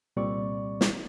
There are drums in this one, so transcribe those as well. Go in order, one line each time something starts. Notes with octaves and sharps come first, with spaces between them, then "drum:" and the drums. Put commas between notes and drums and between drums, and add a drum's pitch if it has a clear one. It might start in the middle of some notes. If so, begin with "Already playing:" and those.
C2 A#2 G3 C4 D5 C#6
drum: snare